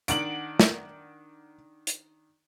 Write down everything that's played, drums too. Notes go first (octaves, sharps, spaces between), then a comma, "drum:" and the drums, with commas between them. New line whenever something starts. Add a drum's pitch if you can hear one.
D#3 D4 F#5 D7 F#7, drum: hi-hat
drum: snare
drum: hi-hat